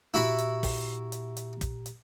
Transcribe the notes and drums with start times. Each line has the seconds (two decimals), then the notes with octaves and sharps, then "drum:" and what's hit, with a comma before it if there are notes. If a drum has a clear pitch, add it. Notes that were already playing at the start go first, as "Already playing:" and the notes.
0.14 A#2 E4 F#4 G4 A#5 B5
0.38 drum: hi-hat
0.63 drum: kick, open hi-hat
1.12 drum: hi-hat
1.37 drum: hi-hat
1.61 drum: kick, hi-hat
1.86 drum: hi-hat